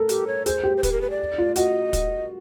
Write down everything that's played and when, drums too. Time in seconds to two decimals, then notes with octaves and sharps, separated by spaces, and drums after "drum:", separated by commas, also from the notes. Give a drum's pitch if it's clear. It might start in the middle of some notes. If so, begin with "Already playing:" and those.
Already playing: A4 A#4
0.09 G4, drum: hi-hat
0.27 C#5
0.46 G#4 C5, drum: hi-hat
0.63 G4
0.77 C5
0.83 B4, drum: kick, hi-hat
0.92 A#4
1.01 B4
1.10 D5
1.38 F4
1.56 F#4 D#5, drum: hi-hat
1.93 drum: kick, hi-hat